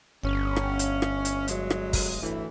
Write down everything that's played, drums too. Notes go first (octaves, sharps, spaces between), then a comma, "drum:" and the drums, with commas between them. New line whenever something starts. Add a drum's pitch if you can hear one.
G1 C#4
drum: rim click
drum: hi-hat
drum: rim click
drum: hi-hat
F#3 G#3, drum: hi-hat
drum: rim click
drum: kick, open hi-hat
D2 A2 E3